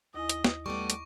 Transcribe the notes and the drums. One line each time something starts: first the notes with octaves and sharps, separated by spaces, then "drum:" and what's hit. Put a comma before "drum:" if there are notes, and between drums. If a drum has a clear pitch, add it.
D#2 E4 D#5 G#5
drum: hi-hat
drum: snare
G3 A3 B3 C#6 D6
drum: hi-hat